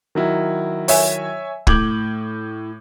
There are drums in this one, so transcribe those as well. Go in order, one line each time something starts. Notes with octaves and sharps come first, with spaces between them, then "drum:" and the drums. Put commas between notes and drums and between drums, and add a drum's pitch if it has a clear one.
D#3 F#3 E4
C#5 E5 G#5, drum: open hi-hat
A2 D6 G6 G#6 F#7, drum: kick